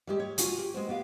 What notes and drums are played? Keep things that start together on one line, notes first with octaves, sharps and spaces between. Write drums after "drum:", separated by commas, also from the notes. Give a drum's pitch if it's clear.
G3 G#3 G4
C#5
F4 F#4 G#5, drum: hi-hat
G4
G#3 B3 C4
B3 G4 F5